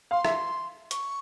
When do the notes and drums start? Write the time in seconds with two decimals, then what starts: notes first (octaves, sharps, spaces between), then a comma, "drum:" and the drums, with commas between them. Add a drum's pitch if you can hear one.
0.11 F5 C6
0.25 E5, drum: rim click
0.91 C#6, drum: hi-hat